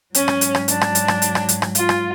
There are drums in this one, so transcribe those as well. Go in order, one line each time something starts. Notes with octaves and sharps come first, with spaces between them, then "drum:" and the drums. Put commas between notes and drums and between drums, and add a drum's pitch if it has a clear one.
G#2 F#3 C#4, drum: hi-hat
drum: rim click
drum: hi-hat
drum: rim click
D4, drum: hi-hat
drum: rim click
drum: hi-hat
drum: rim click
drum: hi-hat
drum: rim click
drum: hi-hat
drum: rim click
F4, drum: hi-hat
drum: rim click